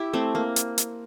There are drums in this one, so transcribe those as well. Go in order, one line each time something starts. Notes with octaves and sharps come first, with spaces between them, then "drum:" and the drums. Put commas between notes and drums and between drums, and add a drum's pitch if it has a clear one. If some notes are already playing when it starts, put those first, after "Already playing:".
Already playing: E4 G4
A3 C4
A#3
drum: hi-hat
drum: hi-hat